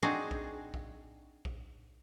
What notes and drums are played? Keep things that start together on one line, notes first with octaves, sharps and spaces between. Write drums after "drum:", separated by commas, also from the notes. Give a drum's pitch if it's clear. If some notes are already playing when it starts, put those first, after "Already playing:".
C4 D4 D#4 F#4 G#4
drum: kick A#1
drum: kick A#1
drum: kick A#1